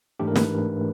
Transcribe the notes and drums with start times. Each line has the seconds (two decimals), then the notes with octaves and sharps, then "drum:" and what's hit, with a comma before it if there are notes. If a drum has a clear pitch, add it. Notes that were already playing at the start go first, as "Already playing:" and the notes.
0.20 G#2 E3 A3 D4 G4
0.27 A#4
0.36 B4, drum: snare